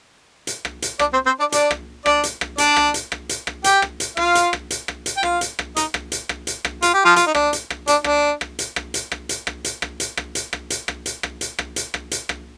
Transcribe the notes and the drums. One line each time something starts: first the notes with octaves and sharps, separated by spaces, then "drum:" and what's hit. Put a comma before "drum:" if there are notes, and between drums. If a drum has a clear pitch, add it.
drum: hi-hat
drum: rim click
drum: hi-hat
D4 D5, drum: rim click
C4 C5
C4 C5
D4 D5
D4 D5, drum: hi-hat
drum: rim click
D4 D5, drum: rim click
drum: hi-hat
drum: rim click
D4 D5, drum: hi-hat
drum: rim click
drum: hi-hat
drum: rim click
drum: hi-hat
drum: rim click
G4 G5, drum: hi-hat
drum: rim click
drum: hi-hat
F4 F5, drum: rim click
drum: hi-hat
drum: rim click
drum: hi-hat
drum: rim click
drum: hi-hat
G5
F4 F5, drum: rim click
drum: hi-hat
drum: rim click
D#4 D#5, drum: hi-hat
drum: rim click
drum: hi-hat
drum: rim click
drum: hi-hat
drum: rim click
F4, drum: hi-hat
G4
F3 F4
F4, drum: hi-hat
D#4
D4, drum: rim click
drum: hi-hat
drum: rim click
D4, drum: hi-hat
D4, drum: rim click
drum: rim click
drum: hi-hat
drum: rim click
drum: hi-hat
drum: rim click
drum: hi-hat
drum: rim click
drum: hi-hat
drum: rim click
drum: hi-hat
drum: rim click
drum: hi-hat
drum: rim click
drum: hi-hat
drum: rim click
drum: hi-hat
drum: rim click
drum: hi-hat
drum: rim click
drum: hi-hat
drum: rim click
drum: hi-hat
drum: rim click